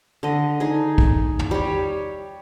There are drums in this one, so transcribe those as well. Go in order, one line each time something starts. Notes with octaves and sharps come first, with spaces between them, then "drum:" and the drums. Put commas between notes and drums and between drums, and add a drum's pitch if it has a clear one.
D3 D#5
D#4 G#4
drum: kick
drum: tom
G3 C#5